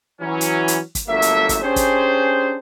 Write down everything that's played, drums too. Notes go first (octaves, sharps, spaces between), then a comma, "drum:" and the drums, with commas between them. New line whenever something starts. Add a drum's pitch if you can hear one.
E3 F#3 C#4
drum: hi-hat
drum: hi-hat
drum: kick, hi-hat
G1 F#3 A3 A#3 A4 E5
drum: hi-hat
drum: kick, hi-hat
C#4 D4 G4 G#4 C5
drum: kick, hi-hat